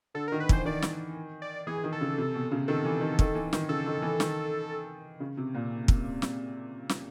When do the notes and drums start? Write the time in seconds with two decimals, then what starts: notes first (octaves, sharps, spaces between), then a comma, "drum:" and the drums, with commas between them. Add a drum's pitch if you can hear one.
0.14 D3 A4
0.28 A#4
0.32 D#3
0.40 B4
0.49 E3 C5, drum: kick
0.65 D#3 D5
0.82 drum: snare
1.42 D5
1.67 E3 G#4
1.84 D#3
1.92 A4
2.01 C#3
2.18 C3
2.34 B2
2.51 C#3
2.68 D#3 A4
2.85 E3
3.01 D#3
3.19 D#3, drum: kick
3.35 E3
3.53 D#3, drum: snare
3.69 C#3 A4
3.86 D#3
4.02 E3
4.20 D#3, drum: snare
5.20 C#3
5.37 C3
5.55 A#2
5.88 drum: kick
6.22 drum: snare
6.89 drum: snare